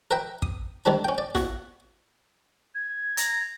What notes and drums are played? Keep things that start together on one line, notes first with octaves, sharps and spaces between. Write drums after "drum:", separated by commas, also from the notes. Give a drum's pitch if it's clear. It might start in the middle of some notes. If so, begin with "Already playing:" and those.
A#4 B4 E5 G5
D#6, drum: kick
D#3 G3 C4 D4 B5
C#4 G5
D5
F#4, drum: snare
G#6
A#5, drum: hi-hat